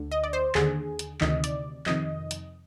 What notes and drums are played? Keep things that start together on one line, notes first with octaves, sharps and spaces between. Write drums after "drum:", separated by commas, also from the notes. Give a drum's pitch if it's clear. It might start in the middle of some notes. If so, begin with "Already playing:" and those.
Already playing: D2 D3
D#5
D5
C5
D#2 D3 G#4, drum: clap
drum: hi-hat
D2 C3 D#3 D#5, drum: clap
D5, drum: hi-hat
F2 C3 D#3 D#5, drum: clap
drum: hi-hat